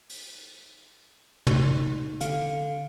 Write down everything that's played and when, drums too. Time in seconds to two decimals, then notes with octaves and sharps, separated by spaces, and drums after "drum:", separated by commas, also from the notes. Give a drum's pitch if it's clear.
0.10 drum: open hi-hat
1.47 D#4, drum: tom
2.21 D3 F5, drum: hi-hat